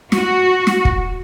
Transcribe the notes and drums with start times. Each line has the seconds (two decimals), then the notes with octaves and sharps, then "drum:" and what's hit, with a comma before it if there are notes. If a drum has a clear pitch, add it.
0.12 F#4, drum: snare
0.67 drum: snare
0.85 drum: kick